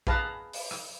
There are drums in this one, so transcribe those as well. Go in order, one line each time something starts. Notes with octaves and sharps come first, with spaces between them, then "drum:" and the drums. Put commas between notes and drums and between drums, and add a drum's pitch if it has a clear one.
G#4 B4 F5 A5 A#5, drum: kick
drum: open hi-hat
drum: rim click